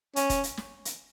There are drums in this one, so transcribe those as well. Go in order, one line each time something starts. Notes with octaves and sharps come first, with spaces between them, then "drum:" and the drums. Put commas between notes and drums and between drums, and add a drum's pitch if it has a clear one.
C#4, drum: hi-hat
drum: kick F1, hi-hat
drum: hi-hat
drum: snare
drum: hi-hat